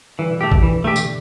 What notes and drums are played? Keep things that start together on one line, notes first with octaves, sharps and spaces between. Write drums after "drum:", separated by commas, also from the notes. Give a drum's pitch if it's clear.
D3 E3 G3
B2 E3
A2 D3 A3 G4
G2 B2, drum: kick
E3
E3 A3 G4
D3, drum: tambourine